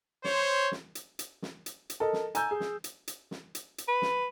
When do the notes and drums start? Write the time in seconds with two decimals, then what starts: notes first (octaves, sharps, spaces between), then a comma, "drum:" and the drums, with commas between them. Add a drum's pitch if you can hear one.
0.24 C5 C#5, drum: snare
0.72 drum: snare
0.95 drum: hi-hat
1.19 drum: hi-hat
1.42 drum: snare
1.66 drum: hi-hat
1.90 drum: hi-hat
2.00 A4 A#4 D#5
2.13 drum: snare
2.35 G#5 A#5 E6 G6, drum: hi-hat
2.51 G#4
2.60 drum: snare
2.84 drum: hi-hat
3.08 drum: hi-hat
3.31 drum: snare
3.55 drum: hi-hat
3.78 drum: hi-hat
3.88 B4
4.02 drum: snare